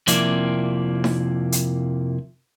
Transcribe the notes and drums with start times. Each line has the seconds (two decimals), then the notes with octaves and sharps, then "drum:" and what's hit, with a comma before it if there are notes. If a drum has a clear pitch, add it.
0.07 F2 C3 F3 A#3 E4 D5, drum: hi-hat
1.04 drum: snare D#4
1.52 drum: hi-hat